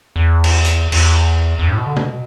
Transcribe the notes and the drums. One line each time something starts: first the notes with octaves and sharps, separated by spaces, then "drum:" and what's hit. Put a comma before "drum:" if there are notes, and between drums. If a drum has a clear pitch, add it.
E2
drum: cymbal
drum: hi-hat
E2, drum: cymbal
E2
G2
A2
B2
D3
B2, drum: tom C3